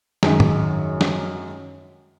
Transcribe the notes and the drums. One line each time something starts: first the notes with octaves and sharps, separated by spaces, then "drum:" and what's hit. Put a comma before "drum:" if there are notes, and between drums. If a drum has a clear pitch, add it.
F#2 D#3 F#3 G#3 D#4, drum: snare
drum: tom
drum: snare